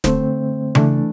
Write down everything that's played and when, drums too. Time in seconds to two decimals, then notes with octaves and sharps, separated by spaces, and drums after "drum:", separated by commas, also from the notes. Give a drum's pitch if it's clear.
0.04 D3 A3 C4 C5, drum: snare
0.75 E3 A3 D4, drum: tom C#3